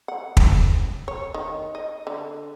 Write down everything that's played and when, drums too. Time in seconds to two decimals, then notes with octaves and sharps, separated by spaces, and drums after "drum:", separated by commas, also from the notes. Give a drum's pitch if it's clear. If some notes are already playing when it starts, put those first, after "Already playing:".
0.08 F#5
0.37 drum: kick
1.08 C#5
1.34 D#3
1.75 D#5
2.07 D3